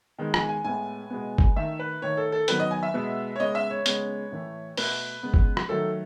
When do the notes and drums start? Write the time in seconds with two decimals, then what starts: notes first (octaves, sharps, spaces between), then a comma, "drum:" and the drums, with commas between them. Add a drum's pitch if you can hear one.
0.18 D#3 G#3 B3
0.34 G#5, drum: rim click
0.49 G#5
0.64 A2 G#3 B3 G#5
1.10 B2 G#3 B3
1.38 drum: kick G1
1.56 D#3 A3 E5
1.79 B4
2.02 D#3 A3 C#5
2.17 A4
2.32 A4
2.48 D#3 F#3 B3 B4, drum: hi-hat
2.60 D#5
2.71 G#5
2.83 E5
2.94 B2 G#3 B3
3.36 C#5
3.40 C#3 G#3 B3 D#5
3.55 E5
3.71 C#5
3.86 C#3 G#3 B3, drum: hi-hat
4.32 A2 E3 A3
4.77 B2 A3 B4, drum: open hi-hat
5.23 C#3 G#3 B3
5.34 drum: kick G1
5.57 drum: rim click
5.69 D#3 F#3 A3 A4